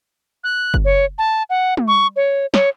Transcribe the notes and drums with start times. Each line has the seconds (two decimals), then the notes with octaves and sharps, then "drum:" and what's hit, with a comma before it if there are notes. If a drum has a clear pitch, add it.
0.44 F#6
0.74 drum: kick F#1
0.85 C#5
1.18 A5
1.50 F#5
1.77 drum: tom
1.88 C#6
2.16 C#5
2.54 C#5, drum: snare